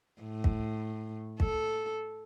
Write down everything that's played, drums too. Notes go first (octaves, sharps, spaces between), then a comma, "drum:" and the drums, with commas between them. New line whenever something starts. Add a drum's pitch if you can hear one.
A2
drum: kick
A4, drum: kick